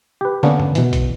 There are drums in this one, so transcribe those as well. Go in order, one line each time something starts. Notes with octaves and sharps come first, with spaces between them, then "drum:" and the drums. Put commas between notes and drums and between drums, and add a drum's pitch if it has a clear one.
G4 B4
D3 A#3 B3 C#4 D4, drum: snare
drum: tom
B2 E3, drum: hi-hat
drum: kick A#1, hi-hat